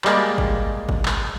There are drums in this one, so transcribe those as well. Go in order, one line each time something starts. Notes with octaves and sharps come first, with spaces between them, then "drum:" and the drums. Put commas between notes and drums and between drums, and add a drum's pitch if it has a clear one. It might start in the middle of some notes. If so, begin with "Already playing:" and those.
G3 G#3 A#3 D5, drum: clap
drum: kick G#1
drum: kick G#1
drum: clap